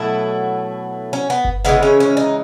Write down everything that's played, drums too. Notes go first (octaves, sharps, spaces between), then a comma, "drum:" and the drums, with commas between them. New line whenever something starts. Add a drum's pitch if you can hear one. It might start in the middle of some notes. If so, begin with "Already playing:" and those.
Already playing: B2 F#3 A3 E4
C#4
B3
drum: kick G1
C#3 E3 G#3 B3
C#4
C#4
D#4